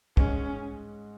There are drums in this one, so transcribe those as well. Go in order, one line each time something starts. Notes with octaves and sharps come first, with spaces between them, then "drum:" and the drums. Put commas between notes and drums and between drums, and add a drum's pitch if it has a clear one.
G#2 G#3 C#4, drum: kick